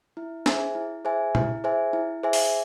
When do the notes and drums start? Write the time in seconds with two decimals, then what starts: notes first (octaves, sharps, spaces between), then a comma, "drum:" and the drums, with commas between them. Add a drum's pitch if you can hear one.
0.17 E4
0.46 G#4 C5 E5 G#5, drum: snare
0.75 E4
1.05 G#4 C5 E5 G#5
1.35 E4, drum: tom A#2
1.64 G#4 C5 E5 G#5
1.93 E4
2.23 G#4 C5 E5 G#5
2.33 drum: open hi-hat